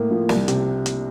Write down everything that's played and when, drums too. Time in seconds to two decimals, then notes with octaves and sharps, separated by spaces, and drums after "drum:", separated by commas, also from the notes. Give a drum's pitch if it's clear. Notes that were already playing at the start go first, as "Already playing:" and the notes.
Already playing: A2 A#3
0.11 F3
0.29 C2, drum: snare
0.48 C3, drum: hi-hat
0.86 drum: hi-hat